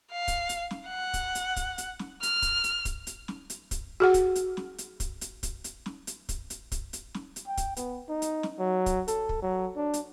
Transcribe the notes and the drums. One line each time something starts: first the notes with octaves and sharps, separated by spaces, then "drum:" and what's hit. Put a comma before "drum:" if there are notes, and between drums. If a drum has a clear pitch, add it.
F5
drum: kick, hi-hat
drum: hi-hat
drum: snare
F#5
drum: kick, hi-hat
drum: hi-hat
drum: kick, hi-hat
drum: hi-hat
drum: snare
F6, drum: hi-hat
drum: kick, hi-hat
drum: hi-hat
drum: kick, hi-hat
drum: hi-hat
drum: snare
drum: hi-hat
drum: kick, hi-hat
F#4 G#4 F#5
drum: kick, hi-hat
drum: hi-hat
drum: snare
drum: hi-hat
drum: kick, hi-hat
drum: hi-hat
drum: kick, hi-hat
drum: hi-hat
drum: snare
drum: hi-hat
drum: kick, hi-hat
drum: hi-hat
drum: kick, hi-hat
drum: hi-hat
drum: snare
drum: hi-hat
G5
drum: kick, hi-hat
B3, drum: hi-hat
D#4
drum: hi-hat
drum: snare
F#3
drum: kick, hi-hat
A4, drum: hi-hat
drum: kick
F#3
D4
drum: hi-hat